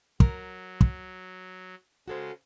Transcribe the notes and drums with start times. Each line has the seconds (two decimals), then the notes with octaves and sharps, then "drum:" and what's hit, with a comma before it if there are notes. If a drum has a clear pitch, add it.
0.20 F#3 A#4, drum: kick
0.81 drum: kick
2.08 C#3 G#3 F#4 A4 C5